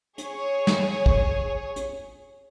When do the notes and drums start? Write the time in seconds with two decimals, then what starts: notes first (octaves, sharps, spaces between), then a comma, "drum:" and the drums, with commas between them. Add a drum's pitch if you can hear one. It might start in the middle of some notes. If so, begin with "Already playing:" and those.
0.18 G#4 C#5, drum: hi-hat
0.67 drum: snare
1.06 drum: kick
1.76 drum: hi-hat